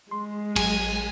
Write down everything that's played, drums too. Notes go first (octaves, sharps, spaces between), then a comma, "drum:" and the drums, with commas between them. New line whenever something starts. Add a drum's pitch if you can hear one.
G#3 C6
A1 F#3 G#5, drum: cymbal